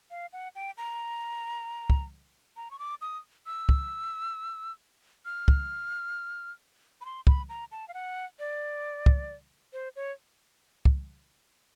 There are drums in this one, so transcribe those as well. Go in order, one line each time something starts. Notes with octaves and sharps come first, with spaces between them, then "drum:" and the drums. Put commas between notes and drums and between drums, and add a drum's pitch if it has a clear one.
F5
F#5
G5
A#5
drum: kick
A#5
C#6
D6
D#6
E6
drum: kick
F6
drum: kick
B5
C6
B5, drum: kick
A#5
A5
F5
F#5
D5
drum: kick
C5
C#5
drum: kick